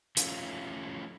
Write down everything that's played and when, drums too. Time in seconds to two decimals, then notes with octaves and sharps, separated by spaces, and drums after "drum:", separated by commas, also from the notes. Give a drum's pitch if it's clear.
0.17 F3 A3 C#4 E4 F4, drum: hi-hat